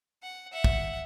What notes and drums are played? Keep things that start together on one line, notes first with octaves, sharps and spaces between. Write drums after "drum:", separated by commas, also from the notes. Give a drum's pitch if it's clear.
F#5
E5 F#5
drum: kick